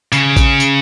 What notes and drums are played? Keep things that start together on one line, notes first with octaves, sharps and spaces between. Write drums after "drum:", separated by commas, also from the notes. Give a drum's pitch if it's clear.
C#3, drum: tambourine
drum: kick A1, tambourine
drum: tambourine